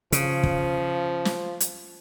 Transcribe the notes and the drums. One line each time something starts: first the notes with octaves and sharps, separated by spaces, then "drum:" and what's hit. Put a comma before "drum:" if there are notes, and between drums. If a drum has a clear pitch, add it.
C#3 F3, drum: hi-hat
drum: kick
drum: snare
drum: hi-hat